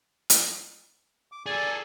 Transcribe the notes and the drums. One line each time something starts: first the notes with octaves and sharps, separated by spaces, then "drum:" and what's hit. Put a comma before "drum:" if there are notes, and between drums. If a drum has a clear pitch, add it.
drum: hi-hat
D6
G#4 A4 D5 G#5